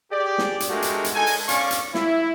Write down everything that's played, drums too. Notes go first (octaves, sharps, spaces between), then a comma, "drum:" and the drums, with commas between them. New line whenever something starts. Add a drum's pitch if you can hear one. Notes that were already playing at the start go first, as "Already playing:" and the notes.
G4 G#4 D5
drum: snare
drum: hi-hat
G#3 A3 D4 F#4 G4 A#4
drum: hi-hat
drum: hi-hat
G#3 D#4 A4 G#5
drum: open hi-hat
C#4 D5 F5 C#6, drum: hi-hat
drum: hi-hat
E4, drum: snare